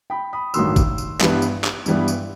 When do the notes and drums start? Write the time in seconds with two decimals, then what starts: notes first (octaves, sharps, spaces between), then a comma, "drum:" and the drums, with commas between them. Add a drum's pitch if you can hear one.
0.10 G5 B5
0.33 B5 D#6
0.54 A1 G2 D#3 F#3 C6 E6, drum: tambourine
0.76 drum: kick G#1, tambourine
0.98 drum: tambourine
1.21 G2 E3 G3 B3, drum: clap
1.42 drum: tambourine
1.64 drum: clap
1.86 G2 E3 G3 B3, drum: tambourine
2.08 drum: tambourine